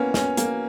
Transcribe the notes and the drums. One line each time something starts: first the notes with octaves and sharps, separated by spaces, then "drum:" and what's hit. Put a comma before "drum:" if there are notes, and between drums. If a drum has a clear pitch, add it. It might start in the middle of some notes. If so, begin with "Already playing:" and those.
Already playing: A#3 B3 C#4
C#4, drum: snare
A#3, drum: hi-hat